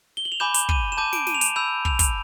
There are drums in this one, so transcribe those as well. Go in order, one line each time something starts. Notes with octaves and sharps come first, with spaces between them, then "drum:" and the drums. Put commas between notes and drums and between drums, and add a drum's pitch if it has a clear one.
G7
F#7
F7
G#5 B5 D6 G6 E7
drum: hi-hat
D#7, drum: kick
E7
A5 D6 G6 D#7
D7, drum: snare
D#7, drum: snare
F7
E7, drum: hi-hat
B5 E6 G6 F7
F7, drum: kick
drum: kick, hi-hat